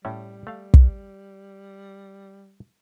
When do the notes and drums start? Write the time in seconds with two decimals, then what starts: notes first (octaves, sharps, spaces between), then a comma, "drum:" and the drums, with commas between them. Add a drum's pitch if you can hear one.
0.05 A2 G3 A3 C#4
0.47 A3 F5
0.74 drum: kick